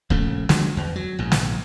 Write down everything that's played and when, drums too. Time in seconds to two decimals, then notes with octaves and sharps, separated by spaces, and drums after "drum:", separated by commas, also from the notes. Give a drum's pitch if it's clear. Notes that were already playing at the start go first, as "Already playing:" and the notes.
0.10 A#1 C#3 A3, drum: kick
0.49 D3 F3 F#3 G#3, drum: snare
0.77 E2
0.96 F#3
1.19 A#1 G#2
1.32 drum: snare